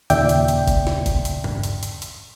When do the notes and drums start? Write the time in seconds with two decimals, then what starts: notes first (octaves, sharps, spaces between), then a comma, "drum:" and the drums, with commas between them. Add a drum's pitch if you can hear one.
0.10 D#2 A#2 C#3 D5 E5 G5, drum: hi-hat
0.29 drum: hi-hat
0.48 drum: hi-hat
0.68 drum: kick F#1, hi-hat
0.87 drum: snare
1.06 drum: kick F#1, hi-hat
1.25 drum: hi-hat
1.44 drum: tom G2
1.63 drum: hi-hat
1.83 drum: hi-hat
2.02 drum: hi-hat